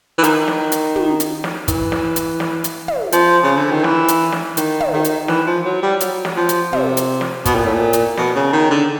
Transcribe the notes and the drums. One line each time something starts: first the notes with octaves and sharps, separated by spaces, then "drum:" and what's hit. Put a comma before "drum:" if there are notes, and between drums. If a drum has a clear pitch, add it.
E3
D#3, drum: hi-hat
drum: snare
drum: hi-hat
drum: tom
drum: hi-hat
drum: snare
E3, drum: kick, hi-hat
drum: snare
drum: hi-hat
drum: snare
drum: hi-hat
drum: tom
F3, drum: hi-hat
C#3
D3
D#3
E3, drum: snare
drum: hi-hat
drum: snare
D#3, drum: hi-hat
drum: tom
D#3
drum: hi-hat
E3, drum: snare
F3
F#3
G3
F#3, drum: hi-hat
drum: snare
F3
drum: hi-hat
C3, drum: tom
drum: hi-hat
drum: snare
B2, drum: kick, hi-hat
A#2
A2
A#2
drum: hi-hat
B2, drum: snare
C#3
D#3
D3